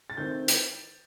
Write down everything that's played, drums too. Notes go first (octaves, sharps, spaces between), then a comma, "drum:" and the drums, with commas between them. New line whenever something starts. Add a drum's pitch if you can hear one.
A6
D#3 A3 C4 G6
drum: hi-hat